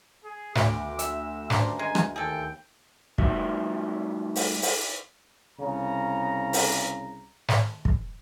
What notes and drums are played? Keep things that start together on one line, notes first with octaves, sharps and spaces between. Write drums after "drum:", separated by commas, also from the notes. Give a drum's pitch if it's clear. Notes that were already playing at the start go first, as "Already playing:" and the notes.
G#4
D2 B3 D6, drum: snare
E5 E6, drum: hi-hat
G2 C#4 D4 C5 D5 A#5, drum: snare
G#3 G#5
drum: rim click
D#2 G#4 A4 G5
G3 A3 D#4 F#4 D#5 E5, drum: kick
drum: open hi-hat
drum: open hi-hat
C2 C#3 A#5
drum: open hi-hat
drum: snare
drum: kick